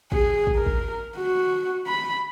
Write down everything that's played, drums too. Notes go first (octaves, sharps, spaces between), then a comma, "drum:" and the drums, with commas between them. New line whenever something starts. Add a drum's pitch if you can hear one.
G#4, drum: kick
drum: kick
A#4
drum: kick
F#4
B5